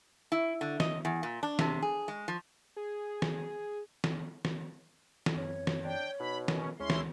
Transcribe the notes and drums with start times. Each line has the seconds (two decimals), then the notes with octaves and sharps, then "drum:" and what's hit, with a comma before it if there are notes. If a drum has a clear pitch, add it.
0.32 E4
0.61 D3
0.80 D#5, drum: snare
1.05 E2
1.23 A#2
1.43 D4
1.59 C3, drum: snare
1.82 G#4
2.08 G#3
2.28 F3
2.76 G#4
3.22 drum: snare
4.04 drum: snare
4.45 drum: snare
5.26 drum: snare
5.36 F#2 E3 C4 C#5
5.67 drum: snare
5.84 D4 G5
6.20 B2 D#4 F#4 B5
6.48 C#4 A#4 F#5, drum: snare
6.80 D2 G#3 C#4 E4 G#4 C6
6.90 drum: snare